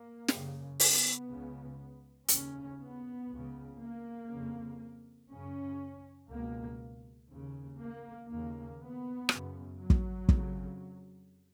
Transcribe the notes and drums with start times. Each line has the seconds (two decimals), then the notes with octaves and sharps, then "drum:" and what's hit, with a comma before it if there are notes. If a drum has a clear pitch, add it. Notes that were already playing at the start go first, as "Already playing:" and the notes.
Already playing: A#3
0.28 F#2 C#3, drum: snare
0.80 B3, drum: open hi-hat
1.29 C#2 C#3
2.28 D#2 C#3 C#4, drum: hi-hat
2.79 B3
3.30 C#2 C#3
3.79 A#3
4.28 F2 C#3
5.29 F#2 C#3 C#4
6.28 C#2 B2 A#3
7.29 D#2 C#3
7.78 A#3
8.28 D#2 C#3 A#3
8.79 B3
9.29 F#2 C#3, drum: rim click
9.80 F#3
9.90 drum: kick
10.29 F2 C#3, drum: kick